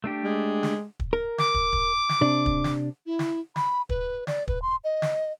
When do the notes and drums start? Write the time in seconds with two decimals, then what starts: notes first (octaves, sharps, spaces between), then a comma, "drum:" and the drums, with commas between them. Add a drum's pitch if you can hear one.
0.04 A3 D4 G4
0.24 G#3
0.63 drum: snare
1.00 drum: kick
1.13 A#4
1.38 D6, drum: snare
1.54 drum: kick
1.73 drum: kick
2.09 drum: snare
2.21 C3 D4
2.46 drum: kick
2.64 drum: snare
3.06 E4
3.19 drum: snare
3.56 B5, drum: snare
3.89 B4, drum: kick
4.27 D5, drum: snare
4.48 B4, drum: kick
4.62 C6
4.84 D#5
5.02 drum: snare